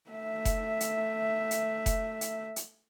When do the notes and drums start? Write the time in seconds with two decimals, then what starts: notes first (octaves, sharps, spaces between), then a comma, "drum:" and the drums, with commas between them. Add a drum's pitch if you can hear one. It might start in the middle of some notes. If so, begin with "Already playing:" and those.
0.10 A3 E5
0.45 drum: kick F1, hi-hat
0.80 drum: hi-hat
1.51 drum: hi-hat
1.86 drum: kick F1, hi-hat
2.21 drum: hi-hat
2.56 drum: hi-hat